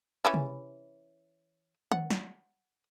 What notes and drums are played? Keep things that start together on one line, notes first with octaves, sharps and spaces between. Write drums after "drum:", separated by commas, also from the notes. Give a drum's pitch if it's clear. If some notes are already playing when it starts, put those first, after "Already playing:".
E3 C#4 E4
drum: tom C3
F#5, drum: tom D#3
drum: snare